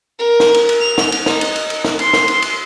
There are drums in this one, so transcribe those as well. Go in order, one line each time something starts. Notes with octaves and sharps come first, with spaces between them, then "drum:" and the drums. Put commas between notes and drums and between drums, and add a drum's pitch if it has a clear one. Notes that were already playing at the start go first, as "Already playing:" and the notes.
A#4
drum: snare
drum: cymbal
drum: cymbal
F7
drum: snare
drum: cymbal
D#4, drum: snare
drum: cymbal
drum: cymbal
drum: cymbal
drum: snare
C6, drum: cymbal
drum: snare
drum: cymbal
drum: cymbal